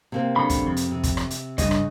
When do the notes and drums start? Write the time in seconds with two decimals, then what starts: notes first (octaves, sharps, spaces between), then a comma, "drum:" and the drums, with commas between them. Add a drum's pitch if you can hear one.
0.12 C3 A#3 C4
0.36 F#2 D3 B5
0.50 drum: kick, hi-hat
0.67 F2
0.77 drum: hi-hat
0.91 C3
1.04 drum: kick, hi-hat
1.17 drum: rim click
1.30 drum: hi-hat
1.58 D2 G2 C#3 D#5, drum: kick, hi-hat
1.71 drum: rim click